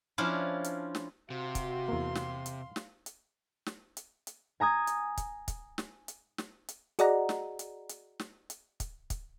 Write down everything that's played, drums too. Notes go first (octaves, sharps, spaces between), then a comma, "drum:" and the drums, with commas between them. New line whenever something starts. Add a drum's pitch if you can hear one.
F3 C#4 D4 E4 F4
drum: hi-hat
drum: snare
C3 F#4 F5 C6
drum: kick, hi-hat
E2 A#3
drum: snare
drum: hi-hat
drum: snare
drum: hi-hat
drum: snare
drum: hi-hat
drum: hi-hat
G#5 A#5 D#6 G#6
drum: hi-hat
drum: kick, hi-hat
drum: kick, hi-hat
drum: snare
drum: hi-hat
drum: snare
drum: hi-hat
F#4 G#4 D5 D#5 F#5 A#5, drum: hi-hat
drum: snare
drum: hi-hat
drum: hi-hat
drum: snare
drum: hi-hat
drum: kick, hi-hat
drum: kick, hi-hat